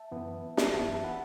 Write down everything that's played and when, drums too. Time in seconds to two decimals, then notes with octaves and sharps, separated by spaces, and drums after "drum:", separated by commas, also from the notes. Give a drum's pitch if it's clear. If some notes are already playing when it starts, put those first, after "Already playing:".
Already playing: E5 A5
0.12 F#2 E3 B3
0.57 drum: snare
0.73 F#2 E3 B3 E5 A5
1.04 F#5 B5